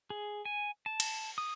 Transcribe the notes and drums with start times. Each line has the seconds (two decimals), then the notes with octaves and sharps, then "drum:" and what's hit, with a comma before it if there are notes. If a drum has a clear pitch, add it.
0.10 G#4
0.45 G#5
0.86 A5
1.00 drum: cymbal
1.38 D#6